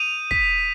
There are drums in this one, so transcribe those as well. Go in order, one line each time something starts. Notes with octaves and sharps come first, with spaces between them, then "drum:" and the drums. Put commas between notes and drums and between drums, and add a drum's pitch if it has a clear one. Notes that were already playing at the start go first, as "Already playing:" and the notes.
Already playing: D#6 G6 D#7 F7
B6, drum: kick